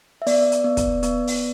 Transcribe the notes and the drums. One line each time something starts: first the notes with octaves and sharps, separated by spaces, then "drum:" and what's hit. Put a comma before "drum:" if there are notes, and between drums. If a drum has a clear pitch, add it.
E5
B3 D5, drum: open hi-hat
drum: hi-hat
B3
drum: kick, hi-hat
B3, drum: hi-hat
drum: open hi-hat